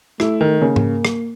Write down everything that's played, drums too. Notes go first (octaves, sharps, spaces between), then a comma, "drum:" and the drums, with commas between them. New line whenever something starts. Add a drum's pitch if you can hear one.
A3 E4, drum: rim click
D#3
C#3 A#3
drum: tom G#2
drum: rim click